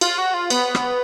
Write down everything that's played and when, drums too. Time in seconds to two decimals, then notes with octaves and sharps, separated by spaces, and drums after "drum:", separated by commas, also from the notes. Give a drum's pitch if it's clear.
0.01 F4, drum: cymbal
0.18 F#4
0.34 F4
0.50 B3, drum: cymbal
0.75 drum: rim click